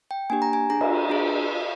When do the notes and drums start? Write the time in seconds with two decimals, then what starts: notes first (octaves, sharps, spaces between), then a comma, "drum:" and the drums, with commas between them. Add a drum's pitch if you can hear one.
0.11 G5
0.30 A#3 D4 G4 G#5
0.42 A#5
0.53 G#5
0.70 D4 G#4 A#5
0.81 drum: cymbal
1.09 D4 G#4